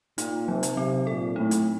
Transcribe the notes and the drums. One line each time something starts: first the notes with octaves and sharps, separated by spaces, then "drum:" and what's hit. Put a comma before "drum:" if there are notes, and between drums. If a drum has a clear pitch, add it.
A#2 D#4, drum: hi-hat
C3 F#3
drum: hi-hat
C3 C4
A#2 A4
A2 D#4
drum: hi-hat